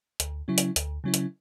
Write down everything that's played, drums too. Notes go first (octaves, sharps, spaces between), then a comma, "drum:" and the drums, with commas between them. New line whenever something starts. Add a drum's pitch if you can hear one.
D2, drum: hi-hat
C#3 F#3 C#4 E4
drum: hi-hat
D2, drum: hi-hat
C#3 F#3 C#4 E4
drum: hi-hat